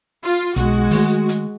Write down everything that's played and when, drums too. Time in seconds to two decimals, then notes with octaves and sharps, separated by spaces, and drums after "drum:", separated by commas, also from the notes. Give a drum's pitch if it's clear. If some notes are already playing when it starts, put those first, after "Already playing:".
0.24 F4
0.56 B1 G#3 F#4, drum: hi-hat
0.91 D#3 A3, drum: open hi-hat
1.29 drum: hi-hat